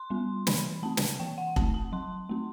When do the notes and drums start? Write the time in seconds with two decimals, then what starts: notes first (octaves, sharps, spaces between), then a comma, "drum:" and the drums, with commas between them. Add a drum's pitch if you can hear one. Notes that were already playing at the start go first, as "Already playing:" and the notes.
Already playing: C6
0.10 G3 B3
0.47 E3 B5, drum: snare
0.83 A3 C4 A5
0.97 drum: snare
1.20 E3 G5
1.38 F#5
1.56 A3 C4 A5, drum: kick
1.74 A5
1.93 F#3 C6
2.29 A3 C4